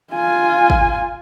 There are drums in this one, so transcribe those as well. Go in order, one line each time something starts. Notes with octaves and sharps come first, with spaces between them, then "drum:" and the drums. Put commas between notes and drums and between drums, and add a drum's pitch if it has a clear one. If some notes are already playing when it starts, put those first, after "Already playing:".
F4 G#5
drum: kick